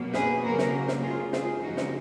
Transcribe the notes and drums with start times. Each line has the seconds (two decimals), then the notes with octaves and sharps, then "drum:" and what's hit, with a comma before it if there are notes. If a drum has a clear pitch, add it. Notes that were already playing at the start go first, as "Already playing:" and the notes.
Already playing: B2 F#3 A#3
0.13 G#4 B4, drum: snare
0.43 C#3 F#3 A#3 F#4 A#4
0.58 drum: snare
0.88 drum: snare
1.02 C#3 G#3 F4 G#4
1.33 F4 G#4, drum: snare
1.62 C#3 F3 G#3 D#4 F#4
1.77 drum: snare